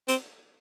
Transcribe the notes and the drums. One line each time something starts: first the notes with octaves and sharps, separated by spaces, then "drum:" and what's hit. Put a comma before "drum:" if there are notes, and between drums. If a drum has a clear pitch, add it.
C4, drum: hi-hat